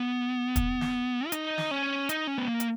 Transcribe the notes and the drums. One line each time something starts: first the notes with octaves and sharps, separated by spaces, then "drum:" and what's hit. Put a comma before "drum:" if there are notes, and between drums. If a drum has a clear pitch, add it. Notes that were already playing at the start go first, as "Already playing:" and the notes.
Already playing: B3
drum: kick, hi-hat
drum: snare
F4
D#4, drum: hi-hat
drum: snare
C#4
D#4, drum: hi-hat
C#4
B3
A#3
drum: hi-hat